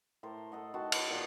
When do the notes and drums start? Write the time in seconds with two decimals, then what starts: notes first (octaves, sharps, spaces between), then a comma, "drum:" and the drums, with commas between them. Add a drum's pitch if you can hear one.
0.23 A2 A#4 C5 A5
0.52 A4 D#5 F#5
0.74 D#3 F#4 A5 C6
0.92 B4, drum: cymbal
1.10 A#2 D#4 F#5